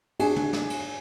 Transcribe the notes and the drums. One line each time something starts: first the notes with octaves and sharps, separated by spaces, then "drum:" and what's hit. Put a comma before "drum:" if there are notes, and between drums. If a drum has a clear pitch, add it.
D4 F#4 G#4 G#5, drum: cymbal
drum: tom
drum: snare
drum: cymbal